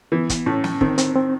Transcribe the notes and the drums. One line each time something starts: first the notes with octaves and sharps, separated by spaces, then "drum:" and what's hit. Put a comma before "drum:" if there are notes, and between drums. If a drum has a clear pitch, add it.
E3 B3
drum: kick, hi-hat
A2 C#4
drum: snare
D#3 C4, drum: kick
C4, drum: hi-hat
C4